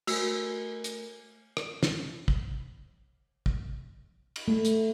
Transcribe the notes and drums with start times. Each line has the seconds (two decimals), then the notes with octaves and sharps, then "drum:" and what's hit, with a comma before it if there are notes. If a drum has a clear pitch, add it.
0.07 A3 F#4 A#4 G#5, drum: cymbal
0.84 drum: hi-hat
1.57 drum: rim click
1.83 drum: snare
2.28 drum: kick
3.46 drum: kick
4.36 drum: cymbal
4.48 A3
4.65 drum: hi-hat